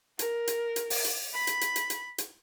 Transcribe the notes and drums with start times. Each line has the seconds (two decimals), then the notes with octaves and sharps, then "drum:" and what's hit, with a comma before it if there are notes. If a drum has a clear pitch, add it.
0.19 A#4, drum: hi-hat
0.47 drum: hi-hat
0.76 drum: hi-hat
0.90 drum: open hi-hat
1.04 drum: hi-hat
1.34 B5
1.47 drum: hi-hat
1.61 drum: hi-hat
1.76 drum: hi-hat
1.90 drum: hi-hat
2.18 drum: hi-hat